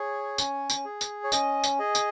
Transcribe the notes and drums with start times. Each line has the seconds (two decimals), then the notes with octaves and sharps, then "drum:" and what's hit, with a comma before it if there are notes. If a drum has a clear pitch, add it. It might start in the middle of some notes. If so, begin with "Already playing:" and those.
Already playing: G#4 C#5
0.38 C#4, drum: tambourine
0.70 drum: tambourine
0.85 G#4
1.01 drum: tambourine
1.24 C#5
1.32 C#4 D#5, drum: tambourine
1.64 drum: tambourine
1.79 G#4 D#5
1.95 drum: tambourine